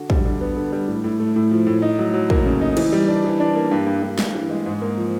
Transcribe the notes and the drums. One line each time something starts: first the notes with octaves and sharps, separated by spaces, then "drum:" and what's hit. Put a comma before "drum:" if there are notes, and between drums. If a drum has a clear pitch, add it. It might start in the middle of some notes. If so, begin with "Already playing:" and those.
Already playing: D3 F#4
G3, drum: kick
D3
B3
D3
G3
A2
A2
A3
A2
F3
A2
D#4
F#3
F#3
A#3, drum: kick
C#3
D#4
E3, drum: cymbal
G3
D4
E3
D4
A#3
G2
G2
G2
G2, drum: snare
E3
G#3
G#2
A#3
F3